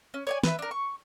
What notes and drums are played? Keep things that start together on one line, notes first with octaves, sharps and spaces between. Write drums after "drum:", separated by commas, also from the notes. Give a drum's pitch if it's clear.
C#4
C#5 D5 G#5
B4 E5, drum: snare
D4 A#4
C#6